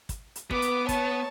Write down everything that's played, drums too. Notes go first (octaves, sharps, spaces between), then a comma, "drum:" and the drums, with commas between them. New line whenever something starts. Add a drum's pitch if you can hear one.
drum: kick, hi-hat
drum: hi-hat
B3 B4 D6, drum: kick
drum: hi-hat
C#5 A5, drum: kick, hi-hat